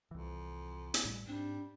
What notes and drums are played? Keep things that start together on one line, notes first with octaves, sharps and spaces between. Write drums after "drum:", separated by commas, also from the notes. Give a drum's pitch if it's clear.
C2 F2 E3
drum: hi-hat
A1 A2 G3
G#2 G3 C4 D4